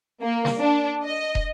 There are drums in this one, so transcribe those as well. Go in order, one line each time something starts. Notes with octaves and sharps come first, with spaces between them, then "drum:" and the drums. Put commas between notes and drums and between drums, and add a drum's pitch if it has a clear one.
A#3
drum: snare
D4
D#5
drum: kick